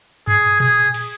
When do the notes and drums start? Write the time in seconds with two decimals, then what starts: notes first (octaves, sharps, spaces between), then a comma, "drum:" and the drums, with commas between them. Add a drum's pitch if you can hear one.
0.27 G#4, drum: tom G2
0.60 G#4, drum: tom A#2
0.94 drum: cymbal